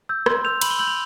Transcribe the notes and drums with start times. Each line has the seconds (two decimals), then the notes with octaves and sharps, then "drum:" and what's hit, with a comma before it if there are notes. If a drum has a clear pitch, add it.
0.09 E6 G6
0.26 C6, drum: rim click
0.44 E6 G6 F7
0.61 B5 F#7, drum: cymbal
0.70 G7
0.78 E6 G6 F#7
0.87 F7